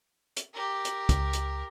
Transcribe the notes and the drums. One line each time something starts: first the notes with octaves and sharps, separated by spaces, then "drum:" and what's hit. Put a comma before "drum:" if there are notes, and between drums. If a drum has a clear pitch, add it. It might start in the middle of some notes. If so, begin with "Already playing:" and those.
drum: hi-hat
G4 A#4
drum: hi-hat
C#2, drum: kick, hi-hat
drum: hi-hat